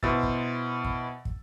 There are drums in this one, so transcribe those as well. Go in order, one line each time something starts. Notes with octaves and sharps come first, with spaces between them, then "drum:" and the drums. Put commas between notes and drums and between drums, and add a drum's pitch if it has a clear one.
B2 E4 C5 E6 A6, drum: kick
drum: kick
drum: kick
drum: kick